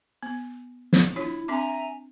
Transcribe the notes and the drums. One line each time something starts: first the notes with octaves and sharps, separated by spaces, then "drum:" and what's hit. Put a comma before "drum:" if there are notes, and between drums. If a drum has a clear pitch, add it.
B3
drum: snare
D4 E4 F4 C#5
C4 D4 E5 G#5 A#5 D6